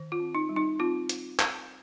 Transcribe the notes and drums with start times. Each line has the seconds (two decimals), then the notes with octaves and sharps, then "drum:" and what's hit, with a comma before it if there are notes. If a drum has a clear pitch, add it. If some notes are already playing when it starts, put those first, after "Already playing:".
Already playing: D#3
0.12 F4
0.20 C4
0.35 D#4
0.49 G3
0.56 D#4
0.79 C4 F4
1.09 drum: hi-hat
1.39 drum: clap